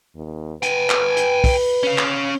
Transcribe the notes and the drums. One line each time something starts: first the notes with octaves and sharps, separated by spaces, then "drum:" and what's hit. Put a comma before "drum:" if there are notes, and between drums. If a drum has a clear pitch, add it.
D#2
B4 G5 G#5, drum: hi-hat
drum: clap
drum: hi-hat
drum: kick, open hi-hat
C#4 F5
drum: clap